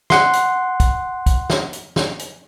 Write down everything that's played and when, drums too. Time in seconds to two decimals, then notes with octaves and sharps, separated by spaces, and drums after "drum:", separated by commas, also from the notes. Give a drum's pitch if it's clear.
0.10 F#5 C6, drum: snare
0.33 drum: hi-hat
0.80 drum: kick, hi-hat
1.26 drum: kick, hi-hat
1.50 drum: snare
1.73 drum: hi-hat
1.96 drum: snare
2.19 drum: hi-hat